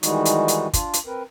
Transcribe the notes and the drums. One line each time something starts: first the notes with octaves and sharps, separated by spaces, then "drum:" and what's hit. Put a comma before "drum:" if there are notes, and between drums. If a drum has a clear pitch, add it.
D#3 E3 G3 G#3 D#4 F#4, drum: hi-hat
drum: hi-hat
drum: hi-hat
D4 F4, drum: kick, hi-hat
drum: hi-hat
C4 A#4 B4